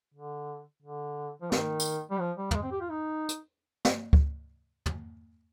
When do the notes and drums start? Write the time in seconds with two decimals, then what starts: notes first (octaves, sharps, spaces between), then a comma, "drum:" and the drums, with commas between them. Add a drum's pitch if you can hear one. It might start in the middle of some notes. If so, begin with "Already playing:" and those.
0.14 D3
0.82 D3
1.42 F3
1.52 D#3, drum: snare
1.80 drum: tambourine
2.11 G3
2.20 F3
2.38 G3
2.51 A#3, drum: tom
2.55 G#3
2.63 C4
2.72 G4
2.81 F4
2.89 D#4
3.29 drum: hi-hat
3.85 drum: snare
4.13 drum: kick C#2
4.86 drum: tom